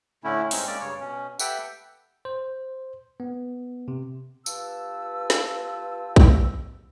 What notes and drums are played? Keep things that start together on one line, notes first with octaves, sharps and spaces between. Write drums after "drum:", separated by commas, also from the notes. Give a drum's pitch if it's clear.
A2 D3 A3 C#4 E4
G2 G#3 C4 C#4 D#4, drum: open hi-hat
G#3 A#3 C#4 D5
G2 C#3 C#5
B2 C#4
G4 A4 B4 E5 F#5 G5, drum: tambourine
C5
B3
C3
B3 F4 G4 B4 A5 E6, drum: tambourine
drum: snare
drum: kick A#1